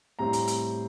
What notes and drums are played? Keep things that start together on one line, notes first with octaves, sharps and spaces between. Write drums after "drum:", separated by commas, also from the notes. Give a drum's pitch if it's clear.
A2 G3 C4 A#5
drum: hi-hat
drum: hi-hat